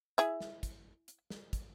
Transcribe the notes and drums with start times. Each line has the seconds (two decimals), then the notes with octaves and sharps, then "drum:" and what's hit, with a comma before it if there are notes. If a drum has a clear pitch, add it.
0.18 E4 G#4 E5, drum: hi-hat
0.40 drum: snare
0.63 drum: kick, hi-hat
1.08 drum: hi-hat
1.30 drum: snare
1.53 drum: kick, hi-hat